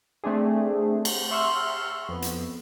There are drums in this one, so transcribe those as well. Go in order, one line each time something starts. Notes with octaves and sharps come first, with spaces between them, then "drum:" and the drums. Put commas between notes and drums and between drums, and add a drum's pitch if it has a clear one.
A3 C4 D4 G#4
drum: cymbal
E5 C6 C#6 E6 F6
F2 B3
drum: hi-hat